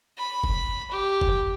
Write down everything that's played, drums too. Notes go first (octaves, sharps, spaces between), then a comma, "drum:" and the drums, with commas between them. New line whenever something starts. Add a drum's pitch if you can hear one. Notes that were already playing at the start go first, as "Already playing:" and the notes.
B5
drum: kick F1
G4
drum: kick F1